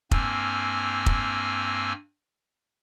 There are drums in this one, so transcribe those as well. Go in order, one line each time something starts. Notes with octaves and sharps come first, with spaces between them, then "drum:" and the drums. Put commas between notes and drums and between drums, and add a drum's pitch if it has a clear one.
G2 A#3 C4 G#5 E6 F6, drum: kick F1
drum: kick F1